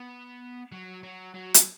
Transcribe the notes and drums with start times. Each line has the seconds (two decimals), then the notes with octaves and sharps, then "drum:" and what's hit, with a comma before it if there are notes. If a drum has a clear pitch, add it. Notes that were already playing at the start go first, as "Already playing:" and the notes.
Already playing: B3
0.72 F#3
1.03 F#3
1.34 F#3
1.54 drum: hi-hat